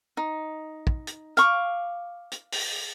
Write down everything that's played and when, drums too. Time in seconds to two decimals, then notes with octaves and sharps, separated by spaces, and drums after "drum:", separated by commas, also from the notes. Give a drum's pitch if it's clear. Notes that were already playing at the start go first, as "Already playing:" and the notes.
0.17 D#4
0.87 drum: kick
1.07 drum: hi-hat
1.37 F5 C#6 D6, drum: hi-hat
2.32 drum: hi-hat
2.52 drum: open hi-hat